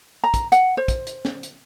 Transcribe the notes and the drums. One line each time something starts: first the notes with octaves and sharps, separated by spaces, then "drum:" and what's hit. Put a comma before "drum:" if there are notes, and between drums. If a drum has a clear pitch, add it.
A#5
drum: kick, hi-hat
F#5, drum: hi-hat
C5
drum: kick, hi-hat
drum: hi-hat
drum: snare
drum: hi-hat